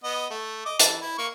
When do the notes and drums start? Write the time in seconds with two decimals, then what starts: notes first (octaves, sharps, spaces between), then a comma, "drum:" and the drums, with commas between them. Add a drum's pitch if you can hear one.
0.04 B3 D#5
0.30 A3
0.66 D#5 D6
0.79 E3 A5, drum: hi-hat
1.01 E4
1.18 A#3 C#6